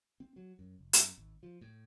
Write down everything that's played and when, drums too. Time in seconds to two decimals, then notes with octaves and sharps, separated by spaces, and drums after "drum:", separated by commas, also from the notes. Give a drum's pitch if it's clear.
0.20 C4
0.36 F#3
0.59 F#2
0.79 F1
0.93 F#2, drum: hi-hat
1.18 G#1
1.43 F3
1.61 A2